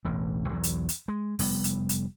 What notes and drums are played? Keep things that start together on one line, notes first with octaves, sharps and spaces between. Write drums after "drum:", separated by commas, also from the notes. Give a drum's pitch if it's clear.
E1 A1 A2
B1 E2 F#3
drum: hi-hat
drum: hi-hat
G#3
F1 G3 B3, drum: open hi-hat
drum: hi-hat
drum: hi-hat